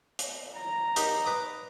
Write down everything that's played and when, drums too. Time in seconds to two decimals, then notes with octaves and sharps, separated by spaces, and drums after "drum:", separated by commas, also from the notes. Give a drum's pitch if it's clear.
0.19 drum: hi-hat
0.57 A#5
0.96 D#4 G4 A#4, drum: hi-hat
1.26 B4 D6 D#6